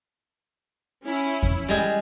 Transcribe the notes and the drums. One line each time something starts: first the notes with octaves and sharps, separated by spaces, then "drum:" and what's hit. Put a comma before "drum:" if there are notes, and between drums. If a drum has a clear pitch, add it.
C#4 E4
drum: kick E2
G3 G#3 G#4